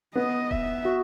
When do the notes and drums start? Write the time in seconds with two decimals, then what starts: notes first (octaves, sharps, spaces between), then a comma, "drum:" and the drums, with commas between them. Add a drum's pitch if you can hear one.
0.15 B3 D#5
0.51 E5, drum: kick D#1
0.85 F#4